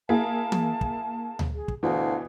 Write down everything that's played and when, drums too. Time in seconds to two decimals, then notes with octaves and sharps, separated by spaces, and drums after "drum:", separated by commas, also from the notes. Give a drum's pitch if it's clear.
0.09 A#3 E4 G#4 A5
0.52 drum: tom E3
0.81 drum: kick
1.39 drum: tom D2
1.54 G#4
1.68 drum: kick
1.83 D2 B2 E3 F5